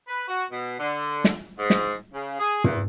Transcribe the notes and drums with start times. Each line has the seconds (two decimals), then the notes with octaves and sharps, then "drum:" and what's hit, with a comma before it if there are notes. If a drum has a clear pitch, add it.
0.08 B4
0.27 F#4
0.51 B2
0.79 D3
1.24 drum: snare
1.59 G#2
1.70 drum: snare
2.13 C#3
2.40 G#4
2.64 E2, drum: tom